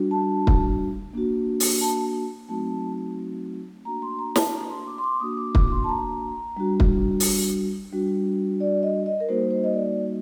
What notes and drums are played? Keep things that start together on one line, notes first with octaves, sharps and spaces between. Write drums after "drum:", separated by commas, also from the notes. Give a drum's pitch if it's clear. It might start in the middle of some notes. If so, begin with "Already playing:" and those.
Already playing: G3 D4 F#4
A5
drum: kick
A#3 D4 F#4
drum: open hi-hat
A5
F#3 A3 C4 D#4 F#4 A5
A#3 D4 F#4 A#5
C6
A#5
A5, drum: snare
A#5
C6
D6
C6
D6
A#3 D4 F#4 D#6
D6
D6, drum: kick
C6
A5
A#5
G3 D4 F#4
drum: kick
drum: open hi-hat
G3 D4 F#4
D5
D#5
D#5
A#4
G3 A#3 D#4 F#4 C5
C5
D#5
D5